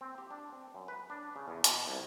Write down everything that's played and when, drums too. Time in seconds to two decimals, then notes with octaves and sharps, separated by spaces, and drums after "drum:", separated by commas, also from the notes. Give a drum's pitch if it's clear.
0.01 C4
0.18 G4
0.31 D4
0.52 C4
0.75 F#2
0.88 B4
1.10 D4
1.36 C#3
1.48 E2
1.64 B2, drum: hi-hat
1.87 C2